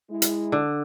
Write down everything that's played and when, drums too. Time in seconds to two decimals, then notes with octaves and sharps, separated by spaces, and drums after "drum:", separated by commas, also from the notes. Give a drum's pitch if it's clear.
0.10 G#3 E4
0.22 drum: hi-hat
0.52 D3